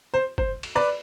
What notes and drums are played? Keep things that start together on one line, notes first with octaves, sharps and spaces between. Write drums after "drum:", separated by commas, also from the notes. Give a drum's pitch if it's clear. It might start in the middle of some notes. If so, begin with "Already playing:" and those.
C5
C5, drum: kick
drum: cymbal
B4 D5